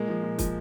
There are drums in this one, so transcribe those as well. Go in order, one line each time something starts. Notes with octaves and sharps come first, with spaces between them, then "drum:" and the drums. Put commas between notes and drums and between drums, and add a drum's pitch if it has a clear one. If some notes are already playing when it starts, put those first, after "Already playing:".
Already playing: A#2 G#3 A#3
F3
A#2
F3, drum: kick, hi-hat